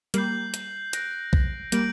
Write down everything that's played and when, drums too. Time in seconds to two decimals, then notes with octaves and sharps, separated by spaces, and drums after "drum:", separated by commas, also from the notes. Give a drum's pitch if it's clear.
0.14 G3 A#3 G6 C7 F#7, drum: hi-hat
0.54 drum: hi-hat
0.93 F#6 A#6 D7, drum: hi-hat
1.33 drum: kick B1
1.72 G3 A#3 G6 D7 F#7, drum: hi-hat